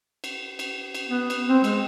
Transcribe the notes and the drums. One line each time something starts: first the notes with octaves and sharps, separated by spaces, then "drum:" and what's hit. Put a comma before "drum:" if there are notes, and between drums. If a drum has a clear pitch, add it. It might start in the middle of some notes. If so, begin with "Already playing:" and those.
drum: cymbal
drum: cymbal
drum: cymbal
B3
drum: cymbal
C4
G#3, drum: cymbal